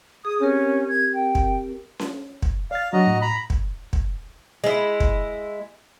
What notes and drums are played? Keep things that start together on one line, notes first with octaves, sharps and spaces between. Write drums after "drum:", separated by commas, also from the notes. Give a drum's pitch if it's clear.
G#4 D#6
C4 C#4 G4 A#4
G#6
G5
drum: kick
drum: snare C#4
drum: kick
D5 F5 A6
F#3 D4 F#4 D#5 A#5
A2
A#5 B5
drum: kick
drum: kick
G#3 E4
drum: kick